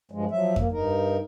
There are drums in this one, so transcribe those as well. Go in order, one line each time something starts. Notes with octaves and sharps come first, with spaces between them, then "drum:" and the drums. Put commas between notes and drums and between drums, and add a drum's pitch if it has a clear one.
G2 F3 G#3
F3 F#3 E5
A#3, drum: kick F2
G2 D#4 A#4